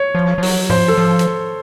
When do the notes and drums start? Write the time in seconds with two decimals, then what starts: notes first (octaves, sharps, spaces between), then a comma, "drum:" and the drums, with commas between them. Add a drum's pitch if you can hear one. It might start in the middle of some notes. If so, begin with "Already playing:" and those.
Already playing: C#5
0.15 F3
0.38 F3
0.43 F#3, drum: open hi-hat
0.70 F3 C5, drum: tom G#2
0.88 A4
0.98 F3
1.19 drum: hi-hat